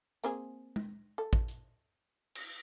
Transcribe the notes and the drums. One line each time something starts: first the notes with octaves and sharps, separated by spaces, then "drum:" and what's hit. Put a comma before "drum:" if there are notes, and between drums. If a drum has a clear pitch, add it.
A#3 C4 G#4, drum: hi-hat
drum: tom G#3
A4
drum: kick
drum: hi-hat
drum: cymbal